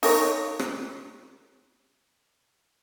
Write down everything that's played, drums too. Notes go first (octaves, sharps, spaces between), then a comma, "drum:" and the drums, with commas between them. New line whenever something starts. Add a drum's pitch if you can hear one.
D#4 A#4 C#5, drum: open hi-hat
drum: rim click